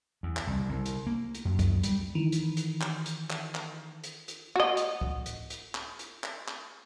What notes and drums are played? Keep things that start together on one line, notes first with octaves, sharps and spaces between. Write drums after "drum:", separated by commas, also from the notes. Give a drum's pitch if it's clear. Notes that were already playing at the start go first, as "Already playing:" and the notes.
E2
drum: clap
C2
C2
drum: hi-hat
A#3
drum: hi-hat
F#2
drum: kick, hi-hat
G3, drum: hi-hat
D#3 E3
drum: hi-hat
drum: hi-hat
drum: clap
drum: hi-hat
drum: clap
drum: clap
drum: hi-hat
drum: hi-hat
F#4 D#5
drum: hi-hat
drum: kick
drum: hi-hat
drum: hi-hat
drum: clap
drum: hi-hat
drum: clap
drum: clap